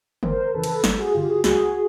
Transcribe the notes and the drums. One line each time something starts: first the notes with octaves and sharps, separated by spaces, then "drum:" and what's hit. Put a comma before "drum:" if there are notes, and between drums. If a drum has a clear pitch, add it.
G1 A#4 C5, drum: tom D3
F2 C#3 E3 A4 B4
drum: cymbal
G1, drum: snare
F#4 G#4
G2 D3 F4 G4
F#4 G#4
C#2 F#4 G#4, drum: snare